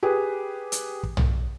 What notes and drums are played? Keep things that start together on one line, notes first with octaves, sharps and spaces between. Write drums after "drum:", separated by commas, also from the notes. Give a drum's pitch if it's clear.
G4 G#4 B4
drum: hi-hat
drum: kick
drum: tom